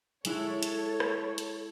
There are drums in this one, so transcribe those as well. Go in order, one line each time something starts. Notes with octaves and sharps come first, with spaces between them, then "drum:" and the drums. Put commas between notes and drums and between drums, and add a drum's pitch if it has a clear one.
G#3 E4 A4 C#5 F#6, drum: hi-hat
drum: hi-hat
drum: rim click
drum: hi-hat